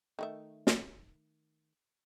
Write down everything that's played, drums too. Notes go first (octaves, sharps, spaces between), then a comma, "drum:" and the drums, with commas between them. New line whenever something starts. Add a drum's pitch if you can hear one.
D#3 A3 E5
drum: snare